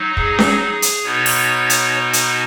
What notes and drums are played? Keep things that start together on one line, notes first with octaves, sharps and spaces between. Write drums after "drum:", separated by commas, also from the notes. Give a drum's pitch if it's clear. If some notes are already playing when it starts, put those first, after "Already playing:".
Already playing: F#3 D#4
G#4, drum: kick
drum: snare C#4
G#4
drum: hi-hat
B2 B3 D#4 C#5
drum: open hi-hat
drum: hi-hat
drum: hi-hat